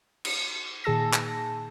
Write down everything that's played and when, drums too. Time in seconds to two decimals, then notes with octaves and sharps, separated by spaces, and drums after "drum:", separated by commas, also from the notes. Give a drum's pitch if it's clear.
0.25 drum: cymbal
0.84 A#2 D#3 G#4 A5 E6 A#6
1.13 drum: clap